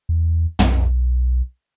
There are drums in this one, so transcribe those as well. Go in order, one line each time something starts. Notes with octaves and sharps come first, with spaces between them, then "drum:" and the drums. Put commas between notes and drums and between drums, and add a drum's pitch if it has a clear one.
E2
B1, drum: tom